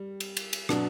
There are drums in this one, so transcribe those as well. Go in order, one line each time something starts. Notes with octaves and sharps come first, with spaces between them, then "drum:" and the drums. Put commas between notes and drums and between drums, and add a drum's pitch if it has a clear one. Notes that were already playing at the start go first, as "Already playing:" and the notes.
Already playing: G3
drum: cymbal
drum: cymbal
drum: cymbal
B2 F#3 D4, drum: rim click